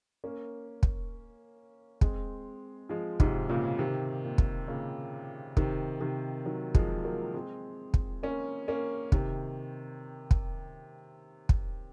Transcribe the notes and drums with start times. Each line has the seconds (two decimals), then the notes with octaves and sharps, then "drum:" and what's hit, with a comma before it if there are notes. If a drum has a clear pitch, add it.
0.24 A#3 C#4
0.83 drum: kick
2.01 G#3 C4, drum: kick
2.89 F3 G#3
3.20 G#2 C3, drum: kick
3.49 A#2 C#3
3.79 C3 D#3
4.24 A#2
4.38 drum: kick
4.68 A#2 C#3
5.57 C3 D#3, drum: kick
6.01 C3 D#3
6.46 D#3 F#3
6.75 F3 G#3, drum: kick
7.04 F#3 A#3
7.34 G#3 C4
7.94 drum: kick
8.23 A#3 C#4
8.68 A#3 C#4
9.12 C3 D#3, drum: kick
10.31 drum: kick
11.49 drum: kick